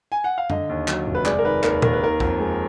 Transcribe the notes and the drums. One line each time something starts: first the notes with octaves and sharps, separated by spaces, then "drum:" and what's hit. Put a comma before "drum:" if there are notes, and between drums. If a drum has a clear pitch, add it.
G#5
F#5
F5
D3 D#5, drum: tom F#2
D#2
F#3, drum: clap
F1
B4
G#3 D5, drum: clap
A#4
D#3 B4
D#2 A#4, drum: clap
D#2 A#4, drum: tom
B4
D#3 A#4
F2, drum: kick
G#3